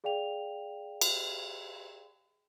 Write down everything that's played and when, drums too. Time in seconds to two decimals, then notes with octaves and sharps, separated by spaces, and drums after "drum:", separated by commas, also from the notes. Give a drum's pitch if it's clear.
0.04 G#4 D5 F5 G5 F7
1.01 drum: cymbal